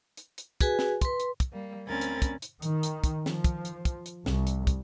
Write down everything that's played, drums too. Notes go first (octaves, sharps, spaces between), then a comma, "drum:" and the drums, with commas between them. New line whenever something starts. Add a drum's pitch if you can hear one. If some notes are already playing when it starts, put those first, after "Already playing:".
drum: hi-hat
drum: hi-hat
F#4 G#4 B4 G#5, drum: kick, hi-hat
drum: snare
B4 C6, drum: kick, hi-hat
drum: hi-hat
drum: kick, hi-hat
G3 A#3
D2 C4 C#4 A#4 B5 A6
drum: hi-hat
drum: kick, hi-hat
drum: hi-hat
D#3, drum: hi-hat
drum: hi-hat
drum: kick, hi-hat
F3, drum: snare
drum: kick, hi-hat
drum: hi-hat
drum: kick, hi-hat
drum: hi-hat
C2, drum: snare
drum: hi-hat
drum: kick, hi-hat